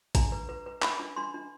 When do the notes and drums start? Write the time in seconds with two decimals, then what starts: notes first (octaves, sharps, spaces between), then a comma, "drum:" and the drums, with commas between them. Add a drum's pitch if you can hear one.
0.15 D4 A#5, drum: kick, hi-hat
0.32 B4
0.49 B4
0.66 B4
0.82 D4 B5, drum: clap
1.00 D4
1.16 D4 C6
1.34 D4